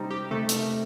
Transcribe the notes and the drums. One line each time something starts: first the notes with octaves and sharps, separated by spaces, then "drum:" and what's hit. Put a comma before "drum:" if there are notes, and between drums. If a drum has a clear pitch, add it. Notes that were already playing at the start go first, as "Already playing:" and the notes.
Already playing: C3 G3 C4 D#4
G4
C3 A3 A4
drum: hi-hat